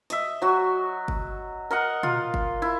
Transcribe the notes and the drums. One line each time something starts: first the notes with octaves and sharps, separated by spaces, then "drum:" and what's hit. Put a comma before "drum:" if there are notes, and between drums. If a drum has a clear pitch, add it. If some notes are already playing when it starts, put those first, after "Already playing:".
D#5 E5, drum: hi-hat
F#3 F#4
drum: kick
A#4 D#5 F#5
F4, drum: tom A#2
drum: kick
E4